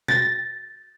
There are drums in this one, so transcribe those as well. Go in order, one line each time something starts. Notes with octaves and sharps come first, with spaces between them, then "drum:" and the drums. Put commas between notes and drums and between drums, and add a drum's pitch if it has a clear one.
A6 A#6, drum: tom B2